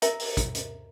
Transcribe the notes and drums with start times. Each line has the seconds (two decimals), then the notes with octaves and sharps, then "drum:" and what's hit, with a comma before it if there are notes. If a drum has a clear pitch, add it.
0.02 A#4 E5 A#5, drum: hi-hat
0.20 drum: open hi-hat
0.37 drum: kick, hi-hat
0.55 drum: hi-hat